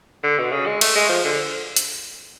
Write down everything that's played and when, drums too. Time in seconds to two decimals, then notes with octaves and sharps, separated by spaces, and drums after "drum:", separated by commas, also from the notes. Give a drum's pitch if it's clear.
0.24 D3
0.38 B2
0.52 C#3
0.66 G#3
0.81 A3, drum: cymbal
0.96 G#3
1.09 F3
1.25 D3
1.76 drum: hi-hat